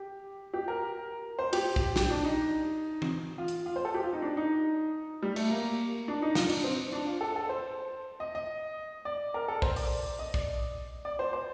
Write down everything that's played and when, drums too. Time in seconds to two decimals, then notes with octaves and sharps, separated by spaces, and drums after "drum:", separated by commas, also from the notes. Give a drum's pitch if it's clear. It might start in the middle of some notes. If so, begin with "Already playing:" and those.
Already playing: G4
0.54 G4
0.68 A#4
1.39 C5
1.53 G4, drum: cymbal
1.76 drum: kick B1
1.96 G4, drum: snare
2.10 D4
2.24 D#4
3.02 drum: tom E3
3.38 F4
3.48 drum: hi-hat
3.66 F4
3.76 C5
3.85 A4
3.94 G4
4.04 F4
4.13 D#4
4.22 D4
4.37 D#4
5.22 G3
5.36 A3, drum: cymbal
5.51 A#3
6.08 D4
6.22 D#4
6.35 F4, drum: snare
6.50 D4, drum: cymbal
6.64 C4
6.93 D4
7.07 F4
7.21 A4
7.36 A4
7.49 C5
8.20 D#5
8.35 D#5
9.05 D5
9.34 A#4
9.48 A4
9.62 C5, drum: kick B1
9.76 D5, drum: open hi-hat
10.19 D#5
10.34 D5, drum: kick B1
11.05 D5
11.19 C5
11.33 C5